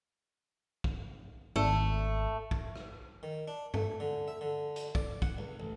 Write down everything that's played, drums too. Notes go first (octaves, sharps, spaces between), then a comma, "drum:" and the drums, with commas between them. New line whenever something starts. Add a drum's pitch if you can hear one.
drum: kick
G#1 A3
drum: kick
drum: rim click
D#3
D4
A3, drum: tom G2
D3
E5
D3
drum: hi-hat
D5, drum: kick
F#5, drum: kick
C#2
A1